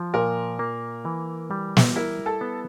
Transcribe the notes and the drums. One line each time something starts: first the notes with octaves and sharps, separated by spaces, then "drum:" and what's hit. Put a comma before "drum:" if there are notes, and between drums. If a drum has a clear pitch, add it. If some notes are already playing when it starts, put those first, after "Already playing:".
Already playing: F3
A#2 A#4
A#3
E3
G3
drum: snare
E4 A#4
A4
B3